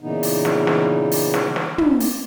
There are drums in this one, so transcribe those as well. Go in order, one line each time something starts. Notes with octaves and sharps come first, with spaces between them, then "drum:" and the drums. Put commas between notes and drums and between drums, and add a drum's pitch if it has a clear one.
A#2 C#3 E3 B3 D#4
drum: open hi-hat
drum: snare
drum: snare
drum: open hi-hat
drum: snare
drum: snare
drum: tom
drum: open hi-hat